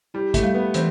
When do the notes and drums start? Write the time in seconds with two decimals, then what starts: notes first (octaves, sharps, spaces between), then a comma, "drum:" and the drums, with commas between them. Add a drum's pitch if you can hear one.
0.14 G3 E4
0.34 A3, drum: kick, hi-hat
0.44 G3
0.54 B3
0.74 E3 C4, drum: hi-hat